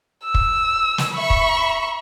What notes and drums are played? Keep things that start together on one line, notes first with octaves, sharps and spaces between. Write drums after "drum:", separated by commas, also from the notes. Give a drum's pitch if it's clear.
E6
drum: kick
drum: snare
E5 B5 C#6
drum: kick